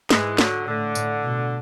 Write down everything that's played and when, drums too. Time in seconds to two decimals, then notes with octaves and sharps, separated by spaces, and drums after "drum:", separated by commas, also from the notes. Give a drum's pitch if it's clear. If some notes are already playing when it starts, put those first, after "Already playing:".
0.10 G#2 E3 G#3, drum: snare
0.39 D3 F#3, drum: snare
0.67 A2 D3
0.95 A2, drum: tambourine
1.24 B2